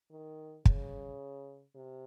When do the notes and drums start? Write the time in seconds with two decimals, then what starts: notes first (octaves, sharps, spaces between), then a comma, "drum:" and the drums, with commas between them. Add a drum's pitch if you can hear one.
0.11 D#3
0.65 C#3, drum: kick
1.75 C3